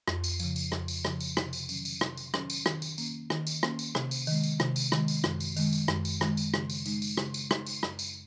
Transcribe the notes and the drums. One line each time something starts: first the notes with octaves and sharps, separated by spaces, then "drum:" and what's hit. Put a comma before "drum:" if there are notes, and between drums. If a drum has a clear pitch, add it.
F2, drum: rim click
drum: tambourine
C#3 F3, drum: tambourine
drum: tambourine
F2, drum: rim click
drum: tambourine
C#3 F3, drum: rim click
drum: tambourine
C3, drum: rim click
drum: tambourine
D#3 F#3 C#4, drum: tambourine
drum: tambourine
C3, drum: rim click
drum: tambourine
D#3 F#3 C#4, drum: rim click
drum: tambourine
D#3, drum: rim click
drum: tambourine
A#3 C#4, drum: tambourine
D#3, drum: rim click
drum: tambourine
A#3 C#4, drum: rim click
drum: tambourine
C3, drum: rim click
drum: tambourine
D#3 G#3, drum: tambourine
drum: tambourine
C3, drum: rim click
drum: tambourine
D#3 G#3, drum: rim click
drum: tambourine
F#2, drum: rim click
drum: tambourine
D#3 G#3, drum: tambourine
drum: tambourine
F#2, drum: rim click
drum: tambourine
D#3 G#3, drum: rim click
drum: tambourine
C#3, drum: rim click
drum: tambourine
G#3 D#4, drum: tambourine
drum: tambourine
C#3, drum: rim click
drum: tambourine
G#3 D#4, drum: rim click
drum: tambourine
F#2, drum: rim click
drum: tambourine